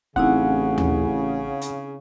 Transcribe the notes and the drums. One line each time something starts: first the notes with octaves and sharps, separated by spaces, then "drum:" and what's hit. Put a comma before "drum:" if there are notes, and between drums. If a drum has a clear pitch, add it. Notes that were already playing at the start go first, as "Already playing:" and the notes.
A1 C#3 C4 D#4 E4 F#5, drum: kick
drum: tom D#2
drum: hi-hat